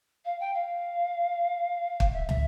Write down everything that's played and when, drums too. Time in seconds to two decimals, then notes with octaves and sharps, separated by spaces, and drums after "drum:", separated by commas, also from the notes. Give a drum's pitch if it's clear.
0.25 F5
0.40 G5
0.54 F5
2.00 drum: kick
2.13 E5
2.29 E5, drum: tom